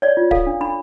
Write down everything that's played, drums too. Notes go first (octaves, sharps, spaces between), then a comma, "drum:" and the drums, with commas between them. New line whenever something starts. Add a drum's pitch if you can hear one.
C#5 D5
F4
A4 F5, drum: kick
D4
D4 B5